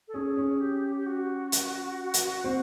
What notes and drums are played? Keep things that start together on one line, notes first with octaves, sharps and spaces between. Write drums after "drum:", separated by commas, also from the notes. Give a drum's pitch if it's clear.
A4
C#4 G#4
C#4
G4
G4
F#4
drum: hi-hat
drum: hi-hat
C4